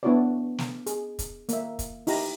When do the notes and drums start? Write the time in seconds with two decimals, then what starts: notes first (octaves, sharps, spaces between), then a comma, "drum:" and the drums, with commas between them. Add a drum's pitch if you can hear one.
0.03 B3 D4 E4 F#4 C#5 D5
0.58 drum: snare
0.86 G#4, drum: hi-hat
1.19 drum: kick, hi-hat
1.49 A#3 E5, drum: hi-hat
1.79 drum: kick, hi-hat
2.07 D#4 E4 G4 A#5, drum: open hi-hat